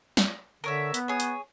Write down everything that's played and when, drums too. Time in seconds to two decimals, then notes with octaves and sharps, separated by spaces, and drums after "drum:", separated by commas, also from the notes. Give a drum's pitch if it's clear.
0.17 drum: snare
0.64 D3 A#4 C#5 E5
0.94 B3, drum: hi-hat
1.08 G#4 C#5
1.20 drum: hi-hat